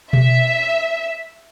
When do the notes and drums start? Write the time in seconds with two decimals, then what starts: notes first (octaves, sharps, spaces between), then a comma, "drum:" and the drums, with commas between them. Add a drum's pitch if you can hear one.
0.13 E5, drum: tom B2